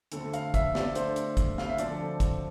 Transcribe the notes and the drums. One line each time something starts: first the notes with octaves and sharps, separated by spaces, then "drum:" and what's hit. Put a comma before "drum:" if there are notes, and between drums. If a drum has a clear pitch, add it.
D2 D3 A3 C4 A4, drum: hi-hat
F5, drum: hi-hat
E5, drum: kick, hi-hat
D5, drum: snare
D2 D3 A3 C4 C5, drum: hi-hat
drum: hi-hat
drum: kick, hi-hat
F5, drum: snare
E5
D2 D3 F3 C4 D5, drum: hi-hat
A4
drum: kick, hi-hat